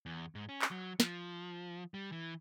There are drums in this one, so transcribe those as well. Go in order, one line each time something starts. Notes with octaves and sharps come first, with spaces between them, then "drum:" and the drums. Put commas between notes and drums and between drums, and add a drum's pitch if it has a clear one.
E2
G#2
C#4
drum: clap
F#3
F3, drum: snare
G3
E3